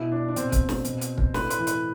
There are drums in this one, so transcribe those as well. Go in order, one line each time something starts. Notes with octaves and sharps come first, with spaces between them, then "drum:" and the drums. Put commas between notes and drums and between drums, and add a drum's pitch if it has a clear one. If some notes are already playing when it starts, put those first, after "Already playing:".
Already playing: B2 E4
D4
D4
B2 C4, drum: hi-hat
drum: kick, hi-hat
drum: snare
B2, drum: hi-hat
drum: hi-hat
drum: kick
A2 B4, drum: snare
B4, drum: hi-hat
E3
B4, drum: hi-hat